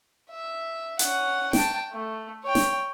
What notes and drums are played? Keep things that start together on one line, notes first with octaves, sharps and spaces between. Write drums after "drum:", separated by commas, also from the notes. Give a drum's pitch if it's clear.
E5
C#4 F#5, drum: hi-hat
G5 A5, drum: snare
A3
C#5 G5
drum: snare